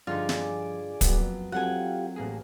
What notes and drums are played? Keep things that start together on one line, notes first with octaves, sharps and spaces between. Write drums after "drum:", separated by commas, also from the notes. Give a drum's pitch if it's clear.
G2 D3 F3 D#4 F4 G#4 D5
drum: snare
F2 F#3 A#3 B3, drum: kick, hi-hat
F#3 C4 F4 G4 A4 F#5 G#5
A1 A#3 G#4